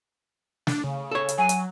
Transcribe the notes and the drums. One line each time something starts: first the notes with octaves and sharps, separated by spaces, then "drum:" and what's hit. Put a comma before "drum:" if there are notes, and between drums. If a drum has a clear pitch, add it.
D4, drum: snare
C#3
A4 C#5
drum: hi-hat
F#3 G#5
drum: hi-hat